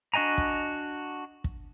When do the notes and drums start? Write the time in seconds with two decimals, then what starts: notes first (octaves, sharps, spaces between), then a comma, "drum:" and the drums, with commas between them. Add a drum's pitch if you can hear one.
0.14 D4 F#4 D#5 G#5 A#5
0.38 drum: kick
1.44 drum: kick